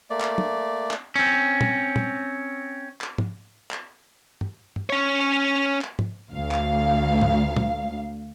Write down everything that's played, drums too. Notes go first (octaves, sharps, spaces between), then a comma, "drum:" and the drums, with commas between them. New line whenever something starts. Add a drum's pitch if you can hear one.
A3 A#3 D5
drum: clap
drum: tom
drum: clap
C4 C#4
drum: tom
drum: tom
drum: clap
drum: tom
drum: clap
drum: tom
drum: tom
C#4 C#5
drum: clap
drum: tom
D2 F5
drum: clap
drum: tom
drum: tom